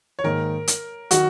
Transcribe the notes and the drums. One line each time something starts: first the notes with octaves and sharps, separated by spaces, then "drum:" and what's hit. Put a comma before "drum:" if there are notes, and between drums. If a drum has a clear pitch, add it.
C#5
G#2 D#3 A#3 A#4
drum: hi-hat
D#3 F#3 F#4, drum: hi-hat